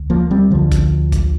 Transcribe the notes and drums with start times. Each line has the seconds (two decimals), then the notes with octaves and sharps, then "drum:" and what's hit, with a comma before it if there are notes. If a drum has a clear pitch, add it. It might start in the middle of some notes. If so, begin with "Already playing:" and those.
Already playing: D2
0.10 F3 A#3
0.31 G3 C4
0.51 D2 D3 F3
0.72 drum: kick, hi-hat
1.12 drum: kick, hi-hat